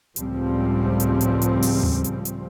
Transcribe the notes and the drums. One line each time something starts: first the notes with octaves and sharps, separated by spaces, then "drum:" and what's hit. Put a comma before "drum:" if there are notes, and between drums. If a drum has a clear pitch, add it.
C#2 A2 C#3 F3 G3 C4, drum: hi-hat
drum: hi-hat
drum: hi-hat
drum: hi-hat
drum: open hi-hat
drum: tom D#2
drum: hi-hat
drum: hi-hat